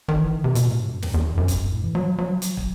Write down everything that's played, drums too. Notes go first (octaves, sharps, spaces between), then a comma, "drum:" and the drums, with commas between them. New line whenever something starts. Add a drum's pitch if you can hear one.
D#3, drum: kick
E3
D#3
C3
B2, drum: hi-hat
A2
G2
F#2
E2, drum: snare
E2
F#2
F#2
G2, drum: kick, hi-hat
F#2
A2
E3
F#3
F#3
drum: hi-hat
drum: kick